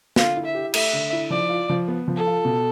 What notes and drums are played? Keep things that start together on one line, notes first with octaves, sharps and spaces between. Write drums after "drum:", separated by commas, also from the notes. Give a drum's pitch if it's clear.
D3 F4, drum: snare
E4
E5
G4
A3 E5, drum: cymbal
D3
E4
F3 D5
F4
F3
B3
F3
A4
F4
B2